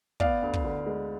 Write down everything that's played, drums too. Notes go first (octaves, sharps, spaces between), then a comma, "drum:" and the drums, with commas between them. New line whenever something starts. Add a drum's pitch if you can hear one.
B3 D5 F5, drum: kick
D2
drum: kick
D3
G#3